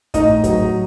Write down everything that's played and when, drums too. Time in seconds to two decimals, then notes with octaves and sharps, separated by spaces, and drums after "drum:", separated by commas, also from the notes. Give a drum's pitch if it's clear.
0.14 A2 D#4 D#5, drum: kick, hi-hat
0.44 F#3, drum: kick, hi-hat